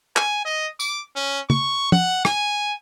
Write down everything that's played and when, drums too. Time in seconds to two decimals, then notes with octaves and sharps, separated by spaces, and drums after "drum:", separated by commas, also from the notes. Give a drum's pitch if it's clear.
0.17 G#5, drum: clap
0.45 D#5
0.80 D6, drum: tambourine
1.16 C#4
1.50 C#6, drum: tom
1.92 F#5, drum: tom
2.25 G#5, drum: rim click